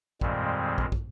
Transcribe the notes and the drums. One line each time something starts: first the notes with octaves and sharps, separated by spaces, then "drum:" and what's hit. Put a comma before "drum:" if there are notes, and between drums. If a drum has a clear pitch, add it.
F2 A#2 D#3 G3 G#3 C4, drum: kick
drum: kick
drum: kick